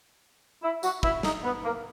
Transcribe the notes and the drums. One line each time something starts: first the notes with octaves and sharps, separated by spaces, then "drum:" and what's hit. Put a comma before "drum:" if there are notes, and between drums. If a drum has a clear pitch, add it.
E4
F#4, drum: tambourine
E4, drum: kick
D#4, drum: snare
B3
A#3